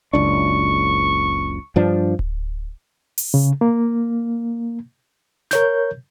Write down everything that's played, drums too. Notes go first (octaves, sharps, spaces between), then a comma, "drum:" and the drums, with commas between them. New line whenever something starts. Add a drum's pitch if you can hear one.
F#1 C#2 D4 C#6
G2 F3 D4
drum: kick D1
drum: open hi-hat
C#3
A#3
A#4 C#5 G6, drum: snare